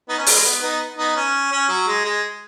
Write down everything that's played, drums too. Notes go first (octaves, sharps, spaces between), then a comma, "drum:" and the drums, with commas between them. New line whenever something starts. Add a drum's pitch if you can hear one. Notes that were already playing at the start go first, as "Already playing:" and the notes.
B3 D#4
C#4
B3, drum: open hi-hat
G#3
B3
B3 D#4
B3 D#4
C#4
C#4
F#3
G#3
G#3